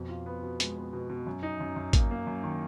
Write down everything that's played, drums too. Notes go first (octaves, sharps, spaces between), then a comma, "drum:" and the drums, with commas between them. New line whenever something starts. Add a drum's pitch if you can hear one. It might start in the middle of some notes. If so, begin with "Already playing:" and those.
Already playing: F2 B2
F4
B3
B2
G#3, drum: hi-hat
B3
B2
B2
F#2
D#4
F#2
F#2
A#3, drum: kick A1, hi-hat
A#3
F#2
D#3